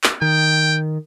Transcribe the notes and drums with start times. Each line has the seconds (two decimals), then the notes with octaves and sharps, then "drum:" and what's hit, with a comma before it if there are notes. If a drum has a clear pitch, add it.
0.04 drum: clap
0.22 D#3 G5